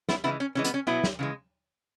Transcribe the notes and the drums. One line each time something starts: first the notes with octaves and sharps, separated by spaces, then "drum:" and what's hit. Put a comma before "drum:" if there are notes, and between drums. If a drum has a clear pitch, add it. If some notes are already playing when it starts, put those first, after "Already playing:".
B3 E4, drum: snare
C#3 E3 G#3 B3 E4
C#4
C#3 E3 G#3 C#4
B3, drum: hi-hat
C#4
B2 F#3 B3 E4
drum: snare
C#3 E3 G#3